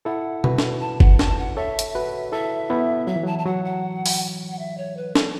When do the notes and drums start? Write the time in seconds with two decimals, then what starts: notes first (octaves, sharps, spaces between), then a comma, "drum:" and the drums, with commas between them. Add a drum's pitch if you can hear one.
0.05 E4 A4 F#5
0.44 F#4 B4, drum: tom B2
0.58 drum: snare
0.81 A5
1.00 F#5, drum: kick F#1
1.19 A5, drum: snare
1.38 F#5
1.56 A4 C#5 E5
1.79 drum: hi-hat
1.95 F#4 B4
2.32 E4 A4 E5
2.70 B3 E4
3.07 F#3 E5
3.16 E3
3.23 F#3 A5
3.39 A5
3.46 F#3 F#5
3.65 F#5
4.06 drum: open hi-hat
4.51 F#5
4.59 E5
4.78 C#5
4.97 B4
5.15 A4, drum: snare